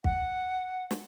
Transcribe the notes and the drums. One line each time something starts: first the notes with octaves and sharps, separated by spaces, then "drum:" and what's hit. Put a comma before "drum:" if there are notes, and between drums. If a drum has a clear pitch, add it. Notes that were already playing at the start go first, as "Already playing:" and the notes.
F#5, drum: kick
drum: snare